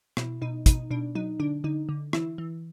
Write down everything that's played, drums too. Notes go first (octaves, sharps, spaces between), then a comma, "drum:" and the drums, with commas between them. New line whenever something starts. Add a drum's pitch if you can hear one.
B2 E4, drum: rim click
B2 D#4
B2 D#4, drum: kick, hi-hat
B2 D4
F#3 D#4
D3 D4
D3 D#4
D3
E3 E4, drum: rim click
E3